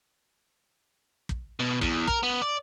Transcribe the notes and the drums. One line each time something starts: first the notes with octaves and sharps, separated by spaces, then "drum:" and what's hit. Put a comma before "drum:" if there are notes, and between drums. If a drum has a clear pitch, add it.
drum: kick
B2
E2, drum: kick
A#4, drum: kick
B3
D5